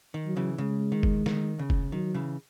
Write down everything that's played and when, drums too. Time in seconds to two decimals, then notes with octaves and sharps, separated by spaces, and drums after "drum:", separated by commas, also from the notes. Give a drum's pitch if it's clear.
0.14 D#3
0.26 F#3
0.36 C#3 E3
0.58 C#3 G#3
0.92 D#3
1.03 drum: kick F#1
1.26 D#3, drum: snare
1.59 C#3
1.70 drum: kick F#1
1.92 D#3 F#3
2.14 C#3 E3